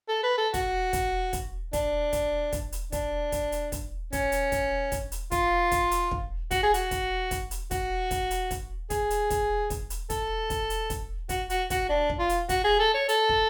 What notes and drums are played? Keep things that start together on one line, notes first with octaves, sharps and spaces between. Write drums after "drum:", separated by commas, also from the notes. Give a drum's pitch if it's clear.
A4
B4
A4
F#4, drum: kick, hi-hat
drum: kick, hi-hat
drum: kick, hi-hat
D4, drum: kick, hi-hat
drum: kick, hi-hat
drum: kick, hi-hat
drum: hi-hat
D4, drum: kick, hi-hat
drum: kick, hi-hat
drum: hi-hat
drum: kick, hi-hat
C#4, drum: kick, hi-hat
drum: hi-hat
drum: kick, hi-hat
drum: kick, hi-hat
drum: hi-hat
F4, drum: kick, hi-hat
drum: kick, hi-hat
drum: hi-hat
drum: kick
F#4, drum: kick, hi-hat
G#4
F#4, drum: hi-hat
drum: kick, hi-hat
drum: kick, hi-hat
drum: hi-hat
F#4, drum: kick, hi-hat
drum: kick, hi-hat
drum: hi-hat
drum: kick, hi-hat
G#4, drum: kick, hi-hat
drum: hi-hat
drum: kick, hi-hat
drum: kick, hi-hat
drum: hi-hat
A4, drum: kick, hi-hat
drum: kick, hi-hat
drum: hi-hat
drum: kick, hi-hat
F#4, drum: kick, hi-hat
F#4, drum: hi-hat
F#4, drum: kick, hi-hat
D4
drum: kick
F4
drum: hi-hat
F#4, drum: kick, hi-hat
G#4
A4
C#5
A4, drum: hi-hat
drum: kick